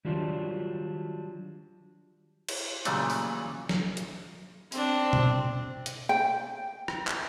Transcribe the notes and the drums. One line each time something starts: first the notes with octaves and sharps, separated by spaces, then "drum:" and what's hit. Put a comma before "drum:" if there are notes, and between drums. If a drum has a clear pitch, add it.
D#3 F#3 G3 D4 F4
drum: cymbal
A#2 C#3 E3 F#3 G3 A3, drum: hi-hat
drum: open hi-hat
drum: snare
drum: hi-hat
C4 D4, drum: open hi-hat
drum: tom B2
drum: hi-hat
G5
drum: rim click
drum: clap